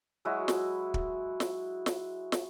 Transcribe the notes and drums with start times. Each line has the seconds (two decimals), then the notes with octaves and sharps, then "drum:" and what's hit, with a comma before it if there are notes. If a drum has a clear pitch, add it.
0.25 F#3 G#3 E4 F#4
0.48 drum: snare
0.94 drum: kick
1.40 drum: snare
1.86 drum: snare
2.32 drum: snare